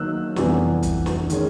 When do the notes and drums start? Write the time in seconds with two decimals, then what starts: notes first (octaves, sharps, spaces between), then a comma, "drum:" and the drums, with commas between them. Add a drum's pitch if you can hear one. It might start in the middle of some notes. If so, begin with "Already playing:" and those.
Already playing: D#3 F#3 A#3 D#4 E6 F#6
0.36 F2 C3 E3 G3 B3, drum: snare
0.83 drum: kick, hi-hat
1.06 drum: snare
1.30 D#3 G#3 C#4, drum: hi-hat